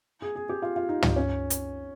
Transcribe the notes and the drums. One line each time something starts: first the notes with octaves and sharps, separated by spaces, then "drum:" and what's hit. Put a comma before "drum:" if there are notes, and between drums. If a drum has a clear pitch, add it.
G#4
G#4
G4
F4
F4
D#4
D#4, drum: tom
C#4
drum: hi-hat